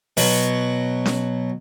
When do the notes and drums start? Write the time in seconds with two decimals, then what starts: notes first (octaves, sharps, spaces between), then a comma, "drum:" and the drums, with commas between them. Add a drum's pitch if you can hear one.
0.17 B2 F#3, drum: open hi-hat
1.06 drum: snare C#4